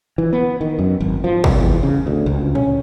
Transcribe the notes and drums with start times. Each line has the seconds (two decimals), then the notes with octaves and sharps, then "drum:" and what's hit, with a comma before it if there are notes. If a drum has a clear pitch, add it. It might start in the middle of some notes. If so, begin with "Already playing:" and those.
0.18 E3
0.33 B3
0.61 D#3
0.79 F#2
1.00 G#1
1.24 F3
1.44 C2, drum: kick
1.60 E2
1.83 C#3
2.07 D2
2.26 C#2
2.55 C#4, drum: tom A2